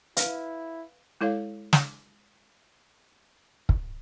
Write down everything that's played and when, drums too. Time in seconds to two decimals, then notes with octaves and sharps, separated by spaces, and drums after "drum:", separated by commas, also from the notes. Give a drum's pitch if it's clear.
0.17 E4 B4 F5, drum: hi-hat
1.21 G#3 E4 A4 C#5 F5
1.73 drum: snare
3.69 drum: kick